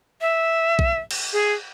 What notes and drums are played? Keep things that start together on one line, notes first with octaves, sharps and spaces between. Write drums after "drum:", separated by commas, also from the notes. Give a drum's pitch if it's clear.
E5
drum: kick
drum: cymbal
G#4